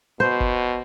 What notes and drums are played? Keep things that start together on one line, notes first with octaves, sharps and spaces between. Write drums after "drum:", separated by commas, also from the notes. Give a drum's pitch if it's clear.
B2 C5
drum: kick F#1